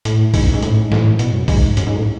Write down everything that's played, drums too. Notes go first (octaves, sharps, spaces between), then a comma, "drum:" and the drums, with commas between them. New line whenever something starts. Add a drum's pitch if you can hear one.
A2, drum: hi-hat
G#2, drum: kick, open hi-hat
F#2
G#2
A2, drum: hi-hat
G#2
A2, drum: snare
B2, drum: hi-hat
G#2
F#2
G#2, drum: kick, open hi-hat
F#2, drum: hi-hat
G#2
A2